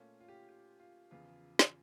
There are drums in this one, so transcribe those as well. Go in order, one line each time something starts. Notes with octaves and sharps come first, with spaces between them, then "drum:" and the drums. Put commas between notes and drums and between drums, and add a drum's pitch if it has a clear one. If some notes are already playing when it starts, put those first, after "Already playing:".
Already playing: A#2 A3 C#4 F4
F4
G4
G4
F4
E2 C#3 F3 F4
drum: snare